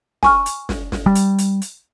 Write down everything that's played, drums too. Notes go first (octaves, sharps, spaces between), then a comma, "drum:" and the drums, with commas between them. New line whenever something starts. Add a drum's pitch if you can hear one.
G#5 C#6 F6, drum: snare
drum: hi-hat
drum: snare
drum: snare
G3
drum: hi-hat
drum: hi-hat
drum: hi-hat